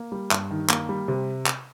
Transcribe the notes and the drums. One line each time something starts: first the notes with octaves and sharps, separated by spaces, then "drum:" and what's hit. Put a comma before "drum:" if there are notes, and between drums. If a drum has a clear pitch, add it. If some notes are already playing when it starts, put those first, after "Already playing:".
Already playing: A#3
G3
G2, drum: clap
D#3
A#3, drum: clap
G3
C3
drum: clap